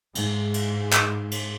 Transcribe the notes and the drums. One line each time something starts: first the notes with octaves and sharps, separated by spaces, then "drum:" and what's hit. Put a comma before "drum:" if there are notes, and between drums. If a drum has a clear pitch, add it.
G#2, drum: cymbal
drum: cymbal
drum: clap
drum: cymbal